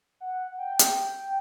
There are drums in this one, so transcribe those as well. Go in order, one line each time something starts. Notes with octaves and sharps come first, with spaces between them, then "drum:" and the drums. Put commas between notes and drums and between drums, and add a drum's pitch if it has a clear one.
F#5
G5
drum: hi-hat